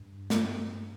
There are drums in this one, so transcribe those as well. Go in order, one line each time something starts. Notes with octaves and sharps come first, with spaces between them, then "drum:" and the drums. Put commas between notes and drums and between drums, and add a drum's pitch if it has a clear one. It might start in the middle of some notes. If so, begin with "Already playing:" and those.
Already playing: G2
G2, drum: snare